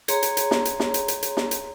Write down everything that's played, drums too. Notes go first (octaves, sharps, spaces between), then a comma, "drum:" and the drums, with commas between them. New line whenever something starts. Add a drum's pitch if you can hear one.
G#4 C#5 A#5 C6, drum: hi-hat
drum: hi-hat
drum: hi-hat
drum: snare
drum: hi-hat
drum: snare
drum: hi-hat
drum: hi-hat
drum: hi-hat
drum: snare
drum: hi-hat